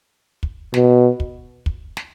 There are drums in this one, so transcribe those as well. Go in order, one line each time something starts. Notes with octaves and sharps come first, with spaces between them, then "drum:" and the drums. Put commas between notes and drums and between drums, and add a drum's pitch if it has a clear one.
drum: kick
B2, drum: snare
drum: kick
drum: kick
drum: snare